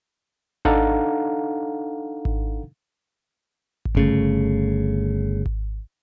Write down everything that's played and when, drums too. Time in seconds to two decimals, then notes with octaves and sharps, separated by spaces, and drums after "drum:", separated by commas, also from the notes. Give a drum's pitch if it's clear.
0.65 D4 D#4 A4 F5 F#5 A#5, drum: kick G#1
2.25 drum: kick G#1
3.85 drum: kick G#1
3.95 G1 C#3 A3
5.46 drum: kick G#1